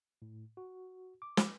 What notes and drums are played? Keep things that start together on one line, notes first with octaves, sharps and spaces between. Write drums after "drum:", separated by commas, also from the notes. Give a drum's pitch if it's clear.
A2
F#4
D6
drum: snare